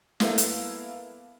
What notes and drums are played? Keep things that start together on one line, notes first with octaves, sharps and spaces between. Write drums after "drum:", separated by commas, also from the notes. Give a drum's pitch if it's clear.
A#3 B3 E4 A4 F5, drum: snare
drum: hi-hat